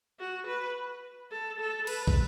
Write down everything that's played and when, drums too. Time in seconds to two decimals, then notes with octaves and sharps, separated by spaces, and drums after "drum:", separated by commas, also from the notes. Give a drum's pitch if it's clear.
0.19 F#4
0.47 B4
1.32 A4
1.60 A4
1.87 B4, drum: cymbal
2.07 drum: kick